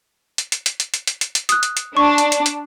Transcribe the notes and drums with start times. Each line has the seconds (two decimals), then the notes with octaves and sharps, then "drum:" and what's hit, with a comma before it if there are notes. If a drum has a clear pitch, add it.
0.38 drum: hi-hat
0.52 drum: hi-hat
0.66 drum: hi-hat
0.80 drum: hi-hat
0.94 drum: hi-hat
1.07 drum: hi-hat
1.21 drum: hi-hat
1.35 drum: hi-hat
1.49 D#6 F#6, drum: hi-hat
1.63 drum: hi-hat
1.77 drum: hi-hat
1.97 D4 C#6
2.18 drum: hi-hat
2.32 drum: hi-hat
2.46 drum: hi-hat